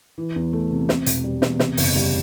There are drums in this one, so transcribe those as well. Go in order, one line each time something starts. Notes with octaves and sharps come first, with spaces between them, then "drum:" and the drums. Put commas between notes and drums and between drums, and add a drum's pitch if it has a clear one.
E3
E2
A3
C3
C3, drum: snare
E1, drum: hi-hat
G3
E2, drum: snare
C3, drum: snare
F#1, drum: open hi-hat
G3